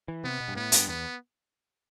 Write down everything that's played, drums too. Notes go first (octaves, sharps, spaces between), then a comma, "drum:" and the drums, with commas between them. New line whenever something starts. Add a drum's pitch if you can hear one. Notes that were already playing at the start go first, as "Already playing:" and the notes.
E3
C3 B3
B2
G2
A2 B3
G2, drum: hi-hat
E2 B3